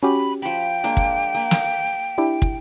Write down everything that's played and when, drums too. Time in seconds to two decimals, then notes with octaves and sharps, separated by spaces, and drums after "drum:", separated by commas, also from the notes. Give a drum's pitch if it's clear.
0.03 C#4 F#4 G4 B5
0.42 F3 G5 B5
0.84 G#3 A#3 D4
0.97 drum: kick
1.35 A#3
1.51 drum: snare
2.18 D4 E4 G4
2.42 drum: kick